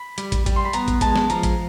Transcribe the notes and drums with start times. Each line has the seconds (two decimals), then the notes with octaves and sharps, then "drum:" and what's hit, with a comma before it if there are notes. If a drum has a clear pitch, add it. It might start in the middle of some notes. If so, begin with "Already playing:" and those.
Already playing: B5
0.18 G3, drum: hi-hat
0.32 drum: kick, hi-hat
0.46 G3, drum: kick, hi-hat
0.56 C6
0.64 B5
0.73 B3 A#5, drum: hi-hat
0.88 drum: kick, hi-hat
1.01 G#3 A5, drum: kick, hi-hat
1.16 drum: snare
1.30 F3 A#5, drum: hi-hat
1.43 drum: kick, hi-hat